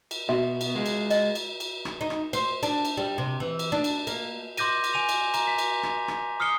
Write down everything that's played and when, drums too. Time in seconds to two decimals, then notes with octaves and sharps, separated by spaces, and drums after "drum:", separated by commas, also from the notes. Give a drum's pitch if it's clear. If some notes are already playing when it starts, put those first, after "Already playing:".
0.11 drum: cymbal
0.29 B2 F#4 E5
0.61 drum: cymbal
0.75 G#3 F4
0.86 drum: cymbal
1.11 D#5, drum: cymbal
1.35 drum: cymbal
1.60 drum: cymbal
1.85 drum: rim click
2.01 D#4
2.10 drum: rim click
2.33 C5, drum: cymbal
2.63 D4, drum: cymbal
2.85 drum: cymbal
2.97 G3
3.18 C3
3.40 E3
3.59 drum: cymbal
3.72 D4
3.84 drum: cymbal
4.07 A#3, drum: cymbal
4.57 C6 D6 G6 A#6 D#7, drum: cymbal
4.84 drum: cymbal
4.94 G#5 D#7 F7
5.09 drum: cymbal
5.34 A#5, drum: cymbal
5.47 B6
5.58 drum: cymbal
5.83 drum: rim click
6.08 drum: rim click
6.40 D#6 F6 C7 C#7 G7